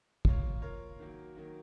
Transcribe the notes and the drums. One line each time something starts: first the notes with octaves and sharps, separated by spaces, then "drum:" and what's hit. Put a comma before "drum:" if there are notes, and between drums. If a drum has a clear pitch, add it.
A#3 F4 A#4 C#5, drum: kick
A#3 F4 A#4 C#5
D#3 F#3 A#3
D#3 F#3 A#3